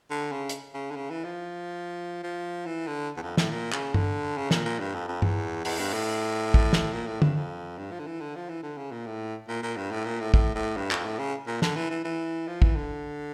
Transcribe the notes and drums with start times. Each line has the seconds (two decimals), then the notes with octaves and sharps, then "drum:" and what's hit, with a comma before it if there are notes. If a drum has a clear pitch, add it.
0.10 D3
0.32 C#3
0.49 drum: hi-hat
0.74 C#3
0.91 D3
0.96 C#3
1.10 E3
1.24 F3
2.24 F3
2.66 E3
2.87 D3
3.17 E2
3.23 F2
3.37 A2, drum: snare
3.51 A#2
3.72 C#3, drum: clap
3.94 D3, drum: tom G2
4.37 C#3
4.51 A#2, drum: snare
4.65 A#2
4.80 G2
4.94 F2
5.08 F2
5.22 E2, drum: tom G2
5.65 E2, drum: open hi-hat
5.79 G2
5.93 A2
6.54 drum: kick
6.73 drum: snare
6.93 A#2
7.07 A2
7.22 G2, drum: tom
7.36 F2
7.78 G2
7.92 F3
7.99 D3
8.07 E3
8.20 D3
8.35 F3
8.49 E3
8.63 D3
8.78 C#3
8.92 A#2
9.06 A2
9.48 A#2
9.63 A#2
9.77 G2
9.91 A2
10.05 A#2
10.20 A2
10.34 A2, drum: kick
10.55 A2
10.77 G2
10.91 F2, drum: clap
11.05 A2
11.19 C#3
11.47 A#2
11.62 D3, drum: snare
11.76 E3
11.91 E3
12.05 E3
12.48 F3
12.62 E3, drum: kick
12.76 D3